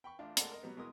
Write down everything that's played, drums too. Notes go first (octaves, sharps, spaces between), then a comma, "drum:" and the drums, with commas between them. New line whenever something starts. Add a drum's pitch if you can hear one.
G5 B5 C#6
A1 D4 F4
G#3 A#3 A4 D5 F#5, drum: hi-hat
A#4 D#5
B2 F#3 G3 B3
B2 G#3 E4 A#4 D#6